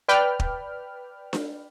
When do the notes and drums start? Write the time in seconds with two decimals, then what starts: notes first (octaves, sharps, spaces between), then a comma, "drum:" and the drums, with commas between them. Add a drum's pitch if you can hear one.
0.08 B4 D5 G5 B5 F6
0.40 drum: kick
1.33 drum: snare D4